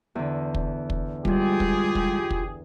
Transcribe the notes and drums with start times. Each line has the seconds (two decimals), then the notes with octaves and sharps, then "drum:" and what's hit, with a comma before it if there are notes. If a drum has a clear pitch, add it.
0.15 E2 D3
0.54 drum: kick
0.90 drum: kick
1.25 G3 G#3 F4 G4 G#4, drum: kick
1.60 drum: kick
1.95 drum: kick
2.30 drum: kick